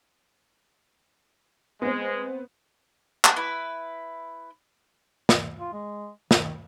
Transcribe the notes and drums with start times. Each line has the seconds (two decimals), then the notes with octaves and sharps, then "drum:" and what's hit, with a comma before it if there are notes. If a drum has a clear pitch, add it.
1.82 G#3 B3 C4
3.24 drum: clap
3.36 E4 B4
5.29 drum: snare
5.60 F4
5.73 G#3
6.31 D#3, drum: snare